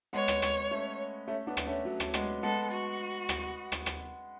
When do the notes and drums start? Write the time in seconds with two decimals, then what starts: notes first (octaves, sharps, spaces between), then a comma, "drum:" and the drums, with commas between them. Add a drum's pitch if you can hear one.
0.13 G#3 B3 C#5
0.28 drum: rim click
0.42 drum: rim click
0.71 A3 C#4
1.28 A3 C#4
1.47 B3 D4
1.57 drum: rim click
1.66 A3 C#4
1.85 F#3 A3
2.00 drum: rim click
2.14 G#3 B3, drum: rim click
2.43 G#3 B3 A4
2.71 F#4
3.29 drum: rim click
3.72 drum: rim click
3.86 drum: rim click